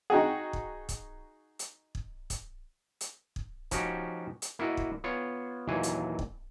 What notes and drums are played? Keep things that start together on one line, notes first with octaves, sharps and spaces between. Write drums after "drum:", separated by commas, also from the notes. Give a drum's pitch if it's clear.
D#4 F#4 G#4 F#5 G5
drum: kick
drum: kick, hi-hat
drum: hi-hat
drum: kick
drum: kick, hi-hat
drum: hi-hat
drum: kick
F3 C#4 D#4 F#4 G4, drum: kick, hi-hat
drum: hi-hat
A#3 E4 F#4 D#5
drum: kick
B3 F4 C#5
D#2 A#2 E3 F#3 G#5
drum: hi-hat
drum: kick